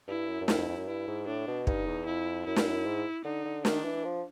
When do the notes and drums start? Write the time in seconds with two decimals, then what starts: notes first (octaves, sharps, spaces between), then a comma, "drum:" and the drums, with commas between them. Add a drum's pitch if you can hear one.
0.08 G2 E4
0.29 F#2
0.41 F#2
0.48 F2 E4, drum: snare
0.58 F2
0.69 F2
0.78 F#2
0.88 G2 E4
1.08 G#2
1.27 A2 D4
1.47 B2
1.67 G2 D#4, drum: kick
1.87 E2
2.06 F2 E4
2.46 F#2 E4
2.56 G2, drum: snare
2.66 F#2
2.86 G#2
3.25 D3 D#4
3.45 D3
3.65 D#3 D4, drum: snare
3.85 E3
4.04 F3